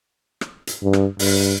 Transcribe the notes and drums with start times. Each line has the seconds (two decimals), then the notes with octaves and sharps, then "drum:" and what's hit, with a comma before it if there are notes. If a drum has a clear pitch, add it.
0.41 drum: rim click
0.67 drum: hi-hat
0.83 G2
0.93 drum: rim click
1.19 G2, drum: open hi-hat